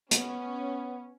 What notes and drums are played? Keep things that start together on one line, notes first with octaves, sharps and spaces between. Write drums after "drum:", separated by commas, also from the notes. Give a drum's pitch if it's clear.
B3 C#4, drum: hi-hat